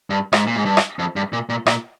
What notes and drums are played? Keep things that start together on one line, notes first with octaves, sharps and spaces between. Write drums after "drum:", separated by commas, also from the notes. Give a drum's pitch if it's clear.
G2
G#2, drum: rim click
A#2
G#2
G2
drum: rim click
F2
G2
A#2
A#2
A#2, drum: rim click